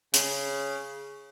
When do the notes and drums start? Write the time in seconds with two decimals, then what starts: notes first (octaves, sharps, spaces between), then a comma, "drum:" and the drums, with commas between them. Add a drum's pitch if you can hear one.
0.14 C#3, drum: hi-hat